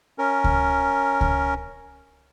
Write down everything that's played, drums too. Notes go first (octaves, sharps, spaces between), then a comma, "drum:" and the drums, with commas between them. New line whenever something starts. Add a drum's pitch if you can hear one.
C#4 A#4
drum: kick C#2
drum: kick C#2